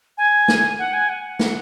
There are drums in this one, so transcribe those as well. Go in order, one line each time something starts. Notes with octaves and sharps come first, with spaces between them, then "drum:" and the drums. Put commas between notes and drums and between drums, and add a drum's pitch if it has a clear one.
G#5
drum: snare
F#5
G#5
F#5
drum: snare